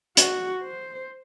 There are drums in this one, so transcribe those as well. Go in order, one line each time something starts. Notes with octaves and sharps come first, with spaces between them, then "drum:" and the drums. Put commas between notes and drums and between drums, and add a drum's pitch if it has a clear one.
F#4, drum: hi-hat
C5